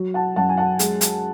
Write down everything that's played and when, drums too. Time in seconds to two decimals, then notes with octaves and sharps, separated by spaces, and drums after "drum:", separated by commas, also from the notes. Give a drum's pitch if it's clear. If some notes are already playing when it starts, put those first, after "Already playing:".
Already playing: F#3
0.14 F#5 A5
0.36 F#2 F#5 A5
0.49 G#5
0.58 F#5 A5
0.79 G#3, drum: hi-hat
1.01 drum: hi-hat